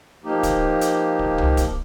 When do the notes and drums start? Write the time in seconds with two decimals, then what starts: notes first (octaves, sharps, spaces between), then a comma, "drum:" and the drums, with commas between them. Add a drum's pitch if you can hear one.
0.24 F3 A#3 D#4 G4
0.43 drum: kick D1, hi-hat
0.81 drum: hi-hat
1.19 drum: kick D1
1.38 drum: tom C2
1.57 drum: kick D1, hi-hat